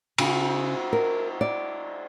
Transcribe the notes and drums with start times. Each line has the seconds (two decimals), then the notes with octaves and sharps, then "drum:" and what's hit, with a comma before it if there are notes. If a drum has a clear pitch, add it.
0.18 C#3, drum: cymbal
0.93 A#4
1.41 D5